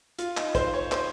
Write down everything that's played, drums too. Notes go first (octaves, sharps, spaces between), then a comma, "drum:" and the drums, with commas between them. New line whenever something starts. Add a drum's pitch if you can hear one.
F4, drum: hi-hat
D#4, drum: clap
C5, drum: kick, hi-hat
C#5
C5, drum: clap